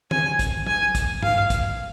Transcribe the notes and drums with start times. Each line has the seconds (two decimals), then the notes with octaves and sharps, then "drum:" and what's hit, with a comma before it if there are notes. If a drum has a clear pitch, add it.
0.11 G#5, drum: tom
0.39 drum: kick, hi-hat
0.66 G#5, drum: tom
0.95 drum: kick, hi-hat
1.23 F5, drum: tom G2
1.50 drum: kick, hi-hat